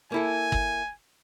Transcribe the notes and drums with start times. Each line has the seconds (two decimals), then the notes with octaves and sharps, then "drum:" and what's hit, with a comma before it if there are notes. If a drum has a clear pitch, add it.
0.12 A#3 E4 A4 G#5
0.52 drum: kick